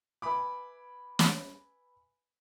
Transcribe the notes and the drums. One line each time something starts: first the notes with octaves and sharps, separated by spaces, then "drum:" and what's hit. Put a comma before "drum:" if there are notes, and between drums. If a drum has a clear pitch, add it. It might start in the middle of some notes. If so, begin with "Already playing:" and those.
B4 E5 G#5 B5 D6
drum: snare